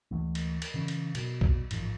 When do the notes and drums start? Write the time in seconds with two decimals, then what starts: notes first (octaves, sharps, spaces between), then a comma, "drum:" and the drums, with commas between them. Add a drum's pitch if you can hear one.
0.11 D2 E3 G#3 A3
0.35 drum: cymbal
0.62 drum: cymbal
0.74 C#3 E3 C#4
0.88 drum: cymbal
1.15 B2 F#3, drum: cymbal
1.41 drum: kick
1.71 A1 G#2 B2 F3, drum: cymbal